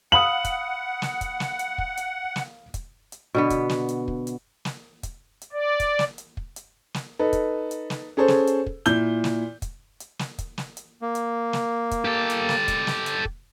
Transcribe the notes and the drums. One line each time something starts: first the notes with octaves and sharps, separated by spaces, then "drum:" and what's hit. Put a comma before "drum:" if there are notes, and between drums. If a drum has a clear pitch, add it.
F5 F#5 B5 D#6 F#7
drum: kick, hi-hat
drum: snare
drum: kick, hi-hat
drum: snare
drum: hi-hat
drum: kick
drum: hi-hat
drum: snare
drum: kick, hi-hat
drum: hi-hat
B2 D3 B3
drum: kick, hi-hat
drum: snare
drum: hi-hat
drum: kick
drum: hi-hat
drum: snare
drum: kick, hi-hat
drum: hi-hat
D5
drum: kick, hi-hat
drum: snare
drum: hi-hat
drum: kick
drum: hi-hat
drum: snare
D#4 A4 B4
drum: kick, hi-hat
drum: hi-hat
drum: snare
C#4 G#4 A4 C5
drum: snare
drum: hi-hat
drum: kick
A#2 E4 G6 G7, drum: hi-hat
drum: snare
drum: kick, hi-hat
drum: hi-hat
drum: snare
drum: kick, hi-hat
drum: snare
drum: hi-hat
A#3
drum: hi-hat
drum: snare
drum: kick, hi-hat
G4 A4
drum: hi-hat
drum: snare
drum: kick, hi-hat
drum: snare
drum: hi-hat
drum: kick